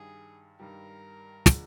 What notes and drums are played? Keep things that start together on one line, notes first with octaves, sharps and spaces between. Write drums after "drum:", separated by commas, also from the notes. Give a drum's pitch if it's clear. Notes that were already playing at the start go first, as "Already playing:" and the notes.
Already playing: G2 D#3 G3 G#4
G2 D#3 G3 A#4
D3 F3 G#3, drum: snare